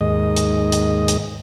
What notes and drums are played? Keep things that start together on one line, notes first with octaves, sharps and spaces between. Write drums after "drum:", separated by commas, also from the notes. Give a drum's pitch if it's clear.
D#2 G#2 D#5
drum: hi-hat
drum: hi-hat
drum: hi-hat